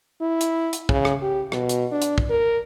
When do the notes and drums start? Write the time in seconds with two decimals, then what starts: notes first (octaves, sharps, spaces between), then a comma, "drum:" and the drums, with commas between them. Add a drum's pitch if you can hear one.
0.21 E4
0.41 drum: hi-hat
0.73 drum: hi-hat
0.89 C#3, drum: kick
1.05 drum: rim click
1.22 G4
1.52 B2, drum: rim click
1.69 drum: hi-hat
1.92 D4
2.02 drum: hi-hat
2.18 drum: kick
2.30 A#4